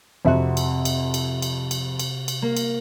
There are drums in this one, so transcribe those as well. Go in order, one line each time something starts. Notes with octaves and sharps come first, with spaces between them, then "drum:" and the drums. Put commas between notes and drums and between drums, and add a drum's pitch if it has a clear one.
F2 C3 F#4 E5
drum: cymbal
drum: cymbal
drum: cymbal
drum: cymbal
drum: cymbal
drum: cymbal
drum: cymbal
A#3
drum: cymbal